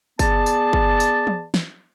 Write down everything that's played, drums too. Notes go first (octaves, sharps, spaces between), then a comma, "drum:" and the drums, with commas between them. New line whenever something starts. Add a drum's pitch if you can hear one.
B3 G#4 D5 A5, drum: kick G1, tambourine
drum: tambourine
drum: kick G1
drum: tambourine
drum: tom
drum: snare